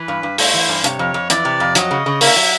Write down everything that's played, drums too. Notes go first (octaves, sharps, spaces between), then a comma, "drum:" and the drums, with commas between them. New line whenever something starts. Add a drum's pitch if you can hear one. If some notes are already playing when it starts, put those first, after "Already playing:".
Already playing: E3 B4
G2
G2
A3 C5, drum: open hi-hat
E3
G2
C3 C#5, drum: hi-hat
F2
F2
E3 D5, drum: hi-hat
C3
F2
F#3 D#5, drum: hi-hat
C#3
C#3
A#3 E5, drum: open hi-hat
F#3